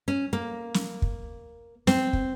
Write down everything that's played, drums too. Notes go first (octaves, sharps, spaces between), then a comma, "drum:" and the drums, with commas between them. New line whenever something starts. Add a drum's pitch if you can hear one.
C#4
A#3
drum: snare
drum: kick
C4, drum: snare
drum: kick